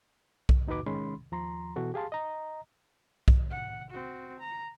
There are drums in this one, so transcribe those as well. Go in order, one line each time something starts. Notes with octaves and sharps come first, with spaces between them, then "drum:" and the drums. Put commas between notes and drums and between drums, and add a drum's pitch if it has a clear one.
drum: kick B1
D#2 D#4 F#4 B4 D6
D#3 G#3 C#4 B5 C6
D#2 F3 A#5 C6
B2 E3 F#4 A4
G4 G#4 F5 A5 C6
D#5 A#5
drum: kick B1
F#5
C4 F#4
A#5